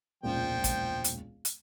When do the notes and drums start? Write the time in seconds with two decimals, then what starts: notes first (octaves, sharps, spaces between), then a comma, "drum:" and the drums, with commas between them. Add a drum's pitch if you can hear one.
0.23 E1 C#2 A#2 F3 G5
0.64 drum: kick, hi-hat
1.04 drum: hi-hat
1.45 drum: hi-hat